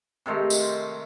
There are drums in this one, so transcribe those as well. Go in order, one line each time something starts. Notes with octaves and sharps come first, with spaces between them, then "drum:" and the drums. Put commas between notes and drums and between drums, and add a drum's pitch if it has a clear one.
C3 D#3 G#3 A3
drum: tambourine